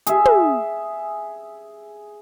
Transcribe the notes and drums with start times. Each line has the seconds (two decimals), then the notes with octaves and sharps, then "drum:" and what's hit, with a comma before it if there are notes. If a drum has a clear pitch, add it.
0.07 G#4 E5, drum: hi-hat
0.25 drum: tom